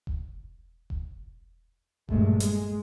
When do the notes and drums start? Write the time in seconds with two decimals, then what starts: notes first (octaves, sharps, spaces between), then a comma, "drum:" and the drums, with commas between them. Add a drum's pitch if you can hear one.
0.07 drum: kick E1
0.90 drum: kick E1
2.09 A#1 G2 G#3 A3, drum: kick E1
2.40 G#3, drum: hi-hat